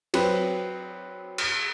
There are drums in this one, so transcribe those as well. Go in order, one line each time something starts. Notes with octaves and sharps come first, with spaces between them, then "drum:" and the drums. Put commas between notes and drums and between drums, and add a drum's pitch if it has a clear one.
F#3 C4 B4, drum: cymbal
drum: cymbal